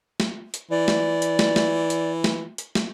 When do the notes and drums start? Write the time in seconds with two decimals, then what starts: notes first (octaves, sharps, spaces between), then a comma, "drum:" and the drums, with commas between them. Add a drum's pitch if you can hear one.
0.20 drum: snare
0.54 drum: hi-hat
0.71 E3 D5
0.88 drum: snare
1.22 drum: hi-hat
1.39 drum: snare
1.56 drum: snare
1.90 drum: hi-hat
2.24 drum: snare
2.58 drum: hi-hat
2.75 drum: snare